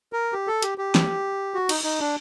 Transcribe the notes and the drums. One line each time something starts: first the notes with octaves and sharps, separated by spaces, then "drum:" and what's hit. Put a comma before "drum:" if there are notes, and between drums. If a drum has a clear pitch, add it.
A#4
G4
A4
G4, drum: hi-hat
G4
drum: snare
F#4
D#4, drum: cymbal
D#4
D4